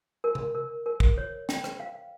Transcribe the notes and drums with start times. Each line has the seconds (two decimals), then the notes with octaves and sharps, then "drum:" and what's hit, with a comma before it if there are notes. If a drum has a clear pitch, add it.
0.24 A#4
0.35 drum: tom C3
0.55 A#4
0.86 A#4
1.00 drum: kick
1.18 C#5
1.49 G5, drum: snare
1.64 drum: rim click
1.80 F5